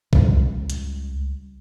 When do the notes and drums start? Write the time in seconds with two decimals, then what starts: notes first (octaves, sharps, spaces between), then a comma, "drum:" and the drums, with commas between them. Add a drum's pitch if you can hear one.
0.13 C#2 G3, drum: kick B1
0.70 drum: hi-hat